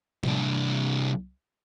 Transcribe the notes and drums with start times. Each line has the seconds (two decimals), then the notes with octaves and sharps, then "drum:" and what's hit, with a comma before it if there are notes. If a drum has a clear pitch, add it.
0.23 C2 D4, drum: tom